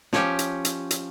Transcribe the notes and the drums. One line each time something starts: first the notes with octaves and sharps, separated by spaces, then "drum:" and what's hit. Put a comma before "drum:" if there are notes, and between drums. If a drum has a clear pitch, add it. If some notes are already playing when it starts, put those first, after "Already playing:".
F3 C#4 G4, drum: snare
drum: hi-hat
drum: hi-hat
drum: hi-hat